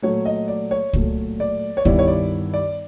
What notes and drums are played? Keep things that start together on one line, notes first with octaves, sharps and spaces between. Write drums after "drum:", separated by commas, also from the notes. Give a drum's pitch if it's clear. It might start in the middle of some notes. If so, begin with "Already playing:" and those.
A#2 F#3 A3 C#5
D#5
D5
C#5
A#2 F#3 A3, drum: kick
D5
C#5
G2 D#3 G3 B3 E4 D5, drum: kick
C#5
D5
D5